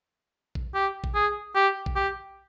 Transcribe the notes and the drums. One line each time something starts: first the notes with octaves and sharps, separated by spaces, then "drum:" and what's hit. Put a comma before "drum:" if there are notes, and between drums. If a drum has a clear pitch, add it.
drum: kick A#1
G4
drum: kick A#1
G#4
G4
drum: kick A#1
G4